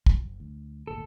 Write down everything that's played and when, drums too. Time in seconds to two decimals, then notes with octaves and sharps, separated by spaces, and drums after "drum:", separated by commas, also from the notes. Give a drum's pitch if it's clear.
0.06 B2 F3 F#3, drum: kick
0.23 F#1
0.40 D2
0.87 G#1 D2 A#2 A4